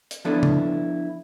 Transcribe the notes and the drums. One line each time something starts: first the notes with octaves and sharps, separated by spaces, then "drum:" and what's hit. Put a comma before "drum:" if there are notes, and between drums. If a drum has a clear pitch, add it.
drum: hi-hat
F3 B3 D4 E4 A4 B4
drum: tom C#3